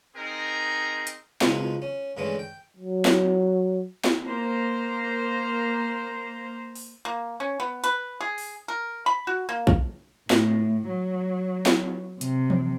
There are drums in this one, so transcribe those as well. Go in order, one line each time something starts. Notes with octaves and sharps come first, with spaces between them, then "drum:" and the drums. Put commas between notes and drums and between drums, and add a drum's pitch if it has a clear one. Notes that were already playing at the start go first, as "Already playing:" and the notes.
C4 D#4 G#4 A#4
drum: hi-hat
C#2 B2 F3 D#4 F4, drum: snare
C#4
G2 D3 E3 G#3 A3 C#4
G5
F#3
drum: snare
drum: snare
A#3 C5 A#5
drum: open hi-hat
A#3
C#4
B3
B4, drum: hi-hat
G#4
drum: open hi-hat
A#4
B5
F#4
A#3
drum: kick A#1
A2, drum: snare
F#3
drum: snare
C3, drum: hi-hat
drum: tom E3